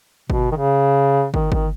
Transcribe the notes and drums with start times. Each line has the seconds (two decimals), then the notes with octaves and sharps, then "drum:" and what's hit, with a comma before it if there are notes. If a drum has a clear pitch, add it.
0.30 B2, drum: kick
0.52 D#3
0.56 C#3
1.34 D#3, drum: kick
1.52 D#3, drum: kick